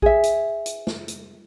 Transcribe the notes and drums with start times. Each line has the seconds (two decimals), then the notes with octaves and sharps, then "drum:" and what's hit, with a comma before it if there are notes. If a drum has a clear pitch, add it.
0.02 G#4 E5, drum: kick A#1
0.23 drum: hi-hat
0.66 drum: hi-hat
0.87 drum: snare
1.08 drum: hi-hat